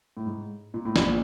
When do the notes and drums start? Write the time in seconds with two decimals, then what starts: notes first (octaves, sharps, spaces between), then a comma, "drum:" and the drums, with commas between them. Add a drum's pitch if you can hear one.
0.17 A2
0.26 G#2
0.74 A#2
0.85 A2
0.96 A#1 A#2, drum: snare